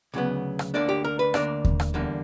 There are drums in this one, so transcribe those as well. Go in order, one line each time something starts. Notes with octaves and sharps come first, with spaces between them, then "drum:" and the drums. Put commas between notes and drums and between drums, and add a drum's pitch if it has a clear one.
D2 C#3 F#3 B3
drum: rim click
D2 D3 A#3 D4 D5
G4
A#4
B4
D2 D3 A#3 D4 D5, drum: rim click
drum: kick D#2
drum: rim click
E2 D3 G3 A#3